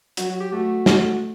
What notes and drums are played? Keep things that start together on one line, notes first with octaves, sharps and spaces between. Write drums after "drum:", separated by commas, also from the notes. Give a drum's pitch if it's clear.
F#3 F#4, drum: hi-hat
F#4
G4
A3 F#4
A3, drum: snare